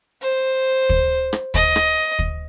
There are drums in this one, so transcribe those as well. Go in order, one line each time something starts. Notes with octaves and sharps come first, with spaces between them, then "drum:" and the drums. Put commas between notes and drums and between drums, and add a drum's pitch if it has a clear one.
C5
drum: kick
drum: rim click
D#5, drum: kick
drum: rim click
drum: kick